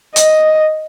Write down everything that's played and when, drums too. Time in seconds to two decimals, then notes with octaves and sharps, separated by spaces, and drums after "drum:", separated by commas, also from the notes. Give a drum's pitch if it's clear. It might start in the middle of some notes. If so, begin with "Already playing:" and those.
0.16 D#5, drum: hi-hat